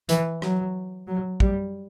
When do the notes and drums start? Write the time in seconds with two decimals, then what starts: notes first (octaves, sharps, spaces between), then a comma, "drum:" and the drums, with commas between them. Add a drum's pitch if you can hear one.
0.09 E3, drum: hi-hat
0.42 F#3, drum: rim click
1.07 F#3
1.40 G3, drum: kick